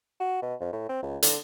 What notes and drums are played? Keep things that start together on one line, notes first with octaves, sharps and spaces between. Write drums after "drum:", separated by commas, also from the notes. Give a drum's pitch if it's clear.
F#4
B2
F2
A2
C4
C#2
D3, drum: hi-hat